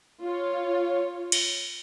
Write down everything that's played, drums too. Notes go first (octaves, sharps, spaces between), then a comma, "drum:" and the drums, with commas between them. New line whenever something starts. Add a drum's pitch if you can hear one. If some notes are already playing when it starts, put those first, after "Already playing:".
F4 C#5
drum: cymbal